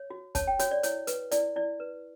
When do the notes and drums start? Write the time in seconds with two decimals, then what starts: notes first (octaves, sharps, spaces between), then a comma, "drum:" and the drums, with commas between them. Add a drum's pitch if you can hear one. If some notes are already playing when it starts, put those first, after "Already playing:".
Already playing: C#5
0.10 F#4
0.35 C#5 A5, drum: kick, hi-hat
0.47 G5
0.59 F#4 C#5, drum: hi-hat
0.71 D5
0.83 E4 C#5, drum: hi-hat
1.07 B4, drum: hi-hat
1.31 E4 D5, drum: hi-hat
1.56 E4 D5
1.80 B4